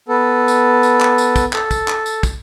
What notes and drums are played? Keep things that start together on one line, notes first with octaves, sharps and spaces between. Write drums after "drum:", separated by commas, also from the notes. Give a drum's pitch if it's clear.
B3 A4
drum: tambourine
drum: tambourine
drum: clap
drum: tambourine
drum: kick, tambourine
A4, drum: clap
drum: kick, tambourine
drum: clap
drum: tambourine
drum: kick, tambourine